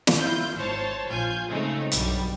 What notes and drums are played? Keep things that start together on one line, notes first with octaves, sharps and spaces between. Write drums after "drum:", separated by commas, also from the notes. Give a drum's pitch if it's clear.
drum: snare
E4 F4 G6
G#1 C5 C#5 A5
A#1 F4 G#5 G6
C#3 G#3 A3 C4 D#4
B1 G2 G3, drum: hi-hat